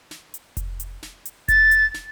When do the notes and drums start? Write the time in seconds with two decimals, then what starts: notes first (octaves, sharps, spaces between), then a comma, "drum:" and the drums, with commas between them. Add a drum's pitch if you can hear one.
0.11 drum: snare
0.34 drum: hi-hat
0.57 drum: kick F1, hi-hat
0.80 drum: hi-hat
1.03 drum: snare
1.25 drum: hi-hat
1.48 A6, drum: kick F1, hi-hat
1.71 drum: hi-hat
1.94 drum: snare